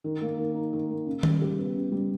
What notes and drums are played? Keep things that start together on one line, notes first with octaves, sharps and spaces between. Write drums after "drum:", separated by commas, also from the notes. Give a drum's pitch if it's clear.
D#3
A#3
D#3
D#4
D#3
A#3
C#3
G3, drum: tom D#3
G4
B3
C#3
G3